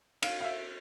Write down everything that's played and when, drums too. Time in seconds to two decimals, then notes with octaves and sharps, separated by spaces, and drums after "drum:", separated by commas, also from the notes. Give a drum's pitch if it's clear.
0.22 F5, drum: cymbal
0.40 F5
0.44 E5